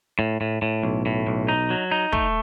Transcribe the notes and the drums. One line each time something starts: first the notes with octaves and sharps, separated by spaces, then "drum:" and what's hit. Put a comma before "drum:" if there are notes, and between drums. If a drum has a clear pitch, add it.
A2
A2
A2
B1
A2
B1
D#4
F#3
D#4
A3, drum: kick